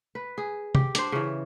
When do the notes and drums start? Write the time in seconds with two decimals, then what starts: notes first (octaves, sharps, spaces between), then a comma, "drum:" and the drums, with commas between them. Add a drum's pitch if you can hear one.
0.15 B4
0.38 G#4
0.75 G4, drum: tom C3
0.95 D4 C5, drum: hi-hat
1.12 C#3 E3